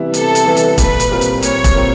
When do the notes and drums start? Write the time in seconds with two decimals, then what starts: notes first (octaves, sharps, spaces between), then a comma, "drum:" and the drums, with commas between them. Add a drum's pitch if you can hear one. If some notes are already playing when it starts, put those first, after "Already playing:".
Already playing: C3 E3 G3 B3 E4
0.14 C3 A4, drum: hi-hat
0.35 drum: hi-hat
0.46 E3 G3 B3 E4
0.57 drum: hi-hat
0.78 A#2 B4, drum: kick E1, hi-hat
1.00 drum: hi-hat
1.10 G3 C4 F4 A#4
1.21 drum: hi-hat
1.42 A#2 C#5, drum: hi-hat
1.64 drum: kick E1, hi-hat
1.75 G3 C4 F4 A#4